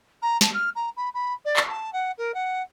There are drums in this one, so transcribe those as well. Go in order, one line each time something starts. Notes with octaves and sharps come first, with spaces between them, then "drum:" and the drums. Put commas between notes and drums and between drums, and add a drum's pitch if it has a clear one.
A#5
A5, drum: snare
F6
A#5
B5
B5
D5
drum: clap
A5
F#5
A#4
F#5